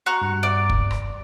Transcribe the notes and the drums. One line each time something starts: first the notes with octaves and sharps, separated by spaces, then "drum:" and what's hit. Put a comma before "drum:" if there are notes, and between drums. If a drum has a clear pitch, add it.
F#4 A#5 C#6
G2
D5 D6
drum: kick
drum: rim click